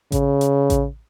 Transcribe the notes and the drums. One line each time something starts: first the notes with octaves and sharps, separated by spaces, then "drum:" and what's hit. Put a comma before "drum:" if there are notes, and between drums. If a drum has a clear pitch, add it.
C#3, drum: kick A1, hi-hat
drum: hi-hat
drum: kick A1, hi-hat